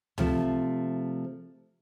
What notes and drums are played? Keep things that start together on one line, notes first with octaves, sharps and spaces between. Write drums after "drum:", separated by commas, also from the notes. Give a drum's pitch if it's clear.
C3 F3 A3, drum: tom